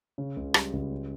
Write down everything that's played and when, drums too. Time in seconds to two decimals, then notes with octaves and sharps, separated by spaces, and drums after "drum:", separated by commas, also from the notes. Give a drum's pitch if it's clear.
0.18 C#3
0.37 C#2
0.54 G3, drum: rim click
0.73 C#2
0.92 C#4